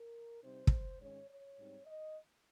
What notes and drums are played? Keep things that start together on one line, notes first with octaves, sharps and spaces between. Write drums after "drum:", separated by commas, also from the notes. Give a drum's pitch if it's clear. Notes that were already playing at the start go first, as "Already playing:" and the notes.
Already playing: A#4
C3 G3 C4 D#4 C5
drum: kick
G#2 D#3 G#3 C#4 C#5
C#5
G#2 G3 C4 D#4
D#5